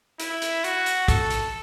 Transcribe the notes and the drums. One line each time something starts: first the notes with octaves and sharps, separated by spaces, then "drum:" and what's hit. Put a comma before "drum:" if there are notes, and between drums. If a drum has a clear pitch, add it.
E4, drum: hi-hat
drum: hi-hat
F#4, drum: hi-hat
drum: hi-hat
A4, drum: kick, hi-hat
drum: hi-hat